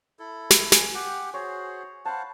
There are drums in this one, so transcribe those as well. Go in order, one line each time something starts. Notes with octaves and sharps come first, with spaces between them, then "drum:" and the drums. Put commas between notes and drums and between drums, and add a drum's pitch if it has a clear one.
E4 A4
drum: snare
G#5, drum: snare
G4 F#5 G5
F#4 G#4 C5 C#5
C5 F5 F#5 A5 B5